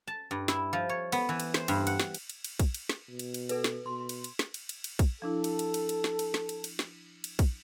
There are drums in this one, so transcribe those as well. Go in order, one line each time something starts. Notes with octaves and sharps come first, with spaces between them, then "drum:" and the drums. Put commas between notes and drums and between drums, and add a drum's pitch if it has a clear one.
A5
G2
E4, drum: snare
F3
C#5
B3, drum: cymbal
E3
drum: cymbal
C5, drum: snare
G2, drum: cymbal
F#5, drum: cymbal
drum: snare
drum: cymbal
drum: cymbal
drum: cymbal
drum: kick, cymbal
drum: cymbal
drum: snare
B2
drum: cymbal
drum: cymbal
A4 B4, drum: cymbal
drum: snare
B2 C6
drum: cymbal
drum: cymbal
drum: snare
drum: cymbal
drum: cymbal
drum: cymbal
drum: kick, cymbal
F3 D4 E4 A4
drum: cymbal
drum: cymbal
drum: cymbal
drum: cymbal
drum: snare
drum: cymbal
drum: snare
drum: cymbal
drum: cymbal
drum: snare
drum: cymbal
drum: kick, cymbal